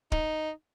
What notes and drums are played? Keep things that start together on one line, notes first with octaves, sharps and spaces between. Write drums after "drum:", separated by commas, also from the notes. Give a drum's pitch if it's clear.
D#4, drum: kick D1